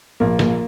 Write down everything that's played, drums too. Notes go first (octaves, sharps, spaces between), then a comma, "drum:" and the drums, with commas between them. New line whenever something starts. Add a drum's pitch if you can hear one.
A#1 A#3
A#1, drum: snare